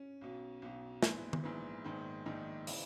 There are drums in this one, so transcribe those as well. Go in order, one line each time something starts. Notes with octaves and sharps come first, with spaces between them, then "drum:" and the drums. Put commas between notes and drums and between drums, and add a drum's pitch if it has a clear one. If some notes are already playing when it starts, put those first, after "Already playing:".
Already playing: C#4
B1 B2
B1 B2
A#1 G#2 E3 B3, drum: snare
drum: tom D#3
A#1 G#2 E3 B3
A#1 G#2 D#3
A#1 G#2 D#3 D#4
C#3 E3, drum: open hi-hat